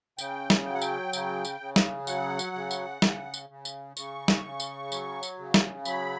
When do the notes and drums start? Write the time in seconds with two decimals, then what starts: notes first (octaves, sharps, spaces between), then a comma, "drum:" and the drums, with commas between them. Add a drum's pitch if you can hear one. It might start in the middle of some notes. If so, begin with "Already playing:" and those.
0.18 C#3 G5, drum: tambourine
0.50 drum: snare
0.66 F#3 G5
0.74 F#5
0.81 G5, drum: tambourine
1.13 C#3, drum: tambourine
1.45 drum: tambourine
1.60 C#3
1.76 drum: snare
2.07 F#3 F#5, drum: tambourine
2.39 drum: tambourine
2.55 C#3
2.71 drum: tambourine
3.02 C#3, drum: snare
3.34 drum: tambourine
3.49 C#3
3.65 drum: tambourine
3.97 C#3 C#6, drum: tambourine
4.28 drum: snare
4.44 C#3
4.60 drum: tambourine
4.92 F#3, drum: tambourine
5.23 drum: tambourine
5.39 C#3
5.54 drum: snare
5.85 F#3 B5, drum: tambourine